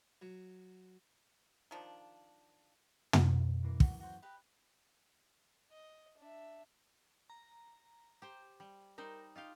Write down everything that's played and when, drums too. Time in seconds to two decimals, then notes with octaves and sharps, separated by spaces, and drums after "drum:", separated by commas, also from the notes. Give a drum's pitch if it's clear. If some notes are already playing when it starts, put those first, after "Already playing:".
0.22 F#3
1.71 D#3 F3 D4
3.13 drum: tom
3.63 F#2 E3 A#3
3.80 F#4, drum: kick
4.00 F#4 C5
4.22 G4 B4 D#5
5.71 D#5
6.18 D4 E5
7.30 A#5
8.22 G4 C5
8.60 G3
8.98 G3 D#4 A#4 C5
9.36 D#4 F4 G4 F5